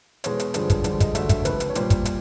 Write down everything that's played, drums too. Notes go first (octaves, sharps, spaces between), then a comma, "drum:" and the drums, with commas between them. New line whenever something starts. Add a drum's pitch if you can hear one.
E2 B2 G#3 C#5, drum: hi-hat
drum: hi-hat
G2 D3 F3 G#3, drum: hi-hat
drum: kick, hi-hat
G2 D3 F3 G#3 D5, drum: hi-hat
D#5, drum: kick, hi-hat
D2 D3 F#3 A3 E5, drum: hi-hat
E5, drum: kick, hi-hat
C#2 C3 F3 B4, drum: hi-hat
drum: hi-hat
C#5
A#2 G3 C5, drum: hi-hat
drum: kick, hi-hat
drum: hi-hat